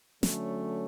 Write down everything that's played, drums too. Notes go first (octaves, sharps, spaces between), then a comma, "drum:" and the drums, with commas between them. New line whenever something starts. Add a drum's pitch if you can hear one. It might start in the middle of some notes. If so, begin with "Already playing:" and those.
D3 F#3 A3 C#4, drum: snare